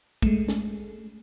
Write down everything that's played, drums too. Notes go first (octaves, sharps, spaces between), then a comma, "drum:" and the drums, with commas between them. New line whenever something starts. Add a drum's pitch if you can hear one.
G#3 A3, drum: kick
drum: snare